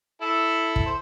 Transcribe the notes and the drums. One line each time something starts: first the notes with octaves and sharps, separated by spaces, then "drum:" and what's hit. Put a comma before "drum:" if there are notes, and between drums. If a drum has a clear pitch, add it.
E4 A4
drum: kick
C5